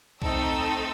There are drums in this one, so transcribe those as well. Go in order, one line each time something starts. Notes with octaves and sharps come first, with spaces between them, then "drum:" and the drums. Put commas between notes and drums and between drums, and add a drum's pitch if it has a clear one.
A3 C4 D#4 A4 E6, drum: kick B1